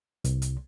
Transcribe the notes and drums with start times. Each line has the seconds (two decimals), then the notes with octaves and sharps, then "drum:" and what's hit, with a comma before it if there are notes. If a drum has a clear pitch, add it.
0.24 C2, drum: hi-hat
0.42 drum: hi-hat